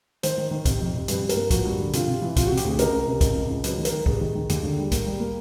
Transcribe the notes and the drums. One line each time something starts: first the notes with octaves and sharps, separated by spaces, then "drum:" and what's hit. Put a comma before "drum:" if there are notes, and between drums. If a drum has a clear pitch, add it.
D#3 C5, drum: hi-hat
D#3
D#3
C3, drum: kick C#2, hi-hat
F2
C3
G2 B4, drum: hi-hat
G2
A#4, drum: hi-hat
A#3
F3 F#4, drum: kick C#2, hi-hat
G2
D3
C3 F4, drum: hi-hat
C3
E3
C3 F4, drum: kick C#2, hi-hat
F#4
C3
G4, drum: hi-hat
D2 G#4
C#2 A#4, drum: hi-hat
C#2
C3
C#2, drum: kick C#2, hi-hat
C#2
C#2
F#3 B4, drum: hi-hat
D#3
A#4, drum: hi-hat
D#3
C2 G#4, drum: kick C#2
D#3
D#3
D#2, drum: hi-hat
D3
G3
A#3, drum: kick C#2, hi-hat
G3
A#3